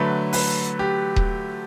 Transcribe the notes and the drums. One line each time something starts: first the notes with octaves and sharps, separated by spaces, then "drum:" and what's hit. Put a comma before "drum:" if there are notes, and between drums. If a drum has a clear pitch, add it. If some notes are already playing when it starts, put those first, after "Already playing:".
Already playing: D3 F#3 A3 B4
B4, drum: open hi-hat
G4
drum: kick D#1